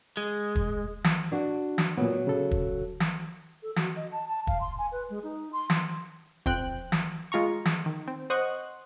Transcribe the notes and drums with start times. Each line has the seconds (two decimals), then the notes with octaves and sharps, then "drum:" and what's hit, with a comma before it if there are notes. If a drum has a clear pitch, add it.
0.17 G#3
0.55 drum: kick
1.04 drum: snare
1.32 D4 F#4
1.78 drum: snare
1.97 A#2 F#3 B3
2.27 C#3 A4
2.51 drum: kick
3.00 drum: snare
3.63 A4
3.76 F#4, drum: snare
3.96 D#5
4.12 A5
4.28 A5
4.47 F5, drum: kick
4.61 C6
4.78 G#5
4.92 B4
5.10 G#3
5.23 D#4
5.53 C6
5.70 drum: snare
6.46 F2 C4 G5 F#6, drum: kick
6.92 drum: snare
7.32 G#3 F4 A#5 C#6
7.65 drum: snare
7.86 D#3
8.08 C4
8.30 C5 D#5 F#5 C#6 F#6